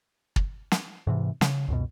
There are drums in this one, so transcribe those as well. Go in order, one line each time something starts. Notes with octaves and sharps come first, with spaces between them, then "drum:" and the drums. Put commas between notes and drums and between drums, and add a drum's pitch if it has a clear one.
drum: kick
drum: snare
G#2 C3 E3
C#3, drum: snare
C#2 F#2 B2